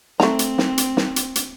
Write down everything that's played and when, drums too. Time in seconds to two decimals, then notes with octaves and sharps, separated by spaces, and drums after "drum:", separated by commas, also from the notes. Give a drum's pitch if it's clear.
0.20 A3 C4 A#5, drum: snare
0.39 drum: hi-hat
0.58 drum: snare
0.78 drum: hi-hat
0.97 drum: snare
1.16 drum: hi-hat
1.35 drum: hi-hat